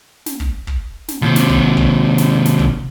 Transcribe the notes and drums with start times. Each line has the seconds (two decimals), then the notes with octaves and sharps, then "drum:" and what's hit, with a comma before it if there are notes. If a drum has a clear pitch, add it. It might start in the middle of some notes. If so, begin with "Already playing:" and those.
0.26 drum: snare
0.40 drum: kick
0.67 drum: kick
1.08 drum: snare
1.22 D#2 C3
1.36 drum: snare
1.50 drum: kick
1.77 drum: kick
2.18 drum: snare
2.45 drum: snare
2.59 drum: kick